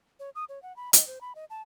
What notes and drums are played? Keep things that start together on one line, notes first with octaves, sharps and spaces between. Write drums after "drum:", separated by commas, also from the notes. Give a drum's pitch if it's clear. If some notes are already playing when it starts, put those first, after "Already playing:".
C#5
D#6
C#5
F#5
B5
D#5, drum: hi-hat
C5
B5
D#5
A5